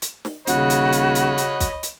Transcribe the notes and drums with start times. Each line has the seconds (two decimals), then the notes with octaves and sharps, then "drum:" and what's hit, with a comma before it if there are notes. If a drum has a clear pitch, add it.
0.02 drum: hi-hat
0.25 drum: snare
0.47 D#1 C#3 F#4 C#5 D#5 B5, drum: hi-hat
0.70 drum: hi-hat
0.93 drum: hi-hat
1.15 drum: hi-hat
1.38 drum: hi-hat
1.60 drum: kick, hi-hat
1.83 drum: hi-hat